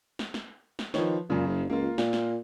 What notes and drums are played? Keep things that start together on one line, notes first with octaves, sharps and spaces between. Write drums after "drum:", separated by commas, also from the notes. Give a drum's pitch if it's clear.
drum: snare
drum: snare
drum: snare
D#3 F3 B4 C#5, drum: snare
F#2 A#2 C#3
F#1
C#2 A#3 F4
A#2, drum: snare
drum: snare